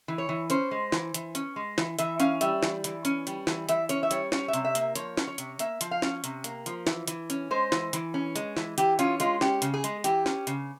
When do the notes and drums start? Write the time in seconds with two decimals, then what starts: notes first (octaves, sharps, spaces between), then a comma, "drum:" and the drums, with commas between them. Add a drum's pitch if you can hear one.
0.08 E3
0.18 C#5
0.29 E3
0.50 C#4 C5, drum: hi-hat
0.71 G#3
0.92 E3, drum: snare
1.14 E3, drum: hi-hat
1.35 C#4, drum: hi-hat
1.56 G#3
1.78 E3, drum: snare
1.99 E3 E5, drum: hi-hat
2.20 C#4 F5, drum: hi-hat
2.41 G3 E5, drum: hi-hat
2.63 E3, drum: snare
2.84 E3, drum: hi-hat
3.05 C#4, drum: hi-hat
3.27 G3, drum: hi-hat
3.47 E3, drum: snare
3.69 E3 E5, drum: hi-hat
3.89 C#4 C#5, drum: hi-hat
4.03 E5
4.11 G3 C#5, drum: hi-hat
4.32 C#4 C#5, drum: snare
4.48 E5
4.53 C3, drum: hi-hat
4.65 E5
4.75 A#3, drum: hi-hat
4.81 E5
4.95 F3 C#5, drum: hi-hat
5.17 C#4, drum: snare
5.27 C#5
5.38 C3, drum: hi-hat
5.59 A#3 E5, drum: hi-hat
5.81 F3, drum: hi-hat
5.91 F5
6.02 C#4, drum: snare
6.24 C3, drum: hi-hat
6.44 A#3, drum: hi-hat
6.66 F3, drum: hi-hat
6.87 E3, drum: snare
7.08 E3, drum: hi-hat
7.30 C#4, drum: hi-hat
7.51 G#3 C5
7.72 E3, drum: snare
7.93 E3, drum: hi-hat
8.14 C#4
8.36 G#3, drum: hi-hat
8.57 E3, drum: snare
8.78 E3 G4, drum: hi-hat
8.99 C#4 F4, drum: hi-hat
9.20 G#3 F4, drum: hi-hat
9.41 C#4 G4, drum: snare
9.62 C#3, drum: hi-hat
9.74 G#4
9.84 G#3, drum: hi-hat
10.04 E3 G4, drum: hi-hat
10.26 C#4, drum: snare
10.47 C#3, drum: hi-hat